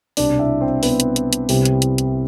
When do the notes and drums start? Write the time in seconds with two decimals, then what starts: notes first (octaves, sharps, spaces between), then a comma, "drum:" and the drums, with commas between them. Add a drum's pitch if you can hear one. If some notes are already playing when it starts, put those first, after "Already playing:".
0.17 C2 B2 G3 B3 D4 D5, drum: open hi-hat
0.39 E4 E5
0.61 C4 C5
0.83 B3 B4, drum: open hi-hat
1.00 drum: hi-hat
1.16 drum: hi-hat
1.33 drum: hi-hat
1.49 C2 C3 G3 C4 E4, drum: open hi-hat
1.65 drum: hi-hat
1.82 drum: hi-hat
1.98 drum: hi-hat